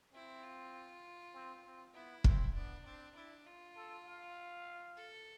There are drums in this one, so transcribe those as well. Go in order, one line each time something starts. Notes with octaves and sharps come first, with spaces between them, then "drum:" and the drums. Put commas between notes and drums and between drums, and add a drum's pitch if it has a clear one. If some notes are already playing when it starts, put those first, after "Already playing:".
C4 E4
F4
C4
C4
B3 E4
C4, drum: kick
B3 D4
C4 D4
D4 E4
F4
A4
F5
A4